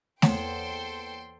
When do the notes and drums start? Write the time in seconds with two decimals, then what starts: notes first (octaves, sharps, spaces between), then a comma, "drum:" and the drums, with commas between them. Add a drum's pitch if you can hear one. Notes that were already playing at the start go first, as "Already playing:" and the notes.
0.22 E2 A#3 A4 C5 C#5 F#5 G5 C6, drum: snare A3